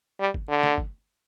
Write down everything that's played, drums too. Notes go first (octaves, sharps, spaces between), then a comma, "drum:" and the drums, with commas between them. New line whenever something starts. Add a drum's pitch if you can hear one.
G3
drum: kick G1
D3
drum: snare
drum: kick G1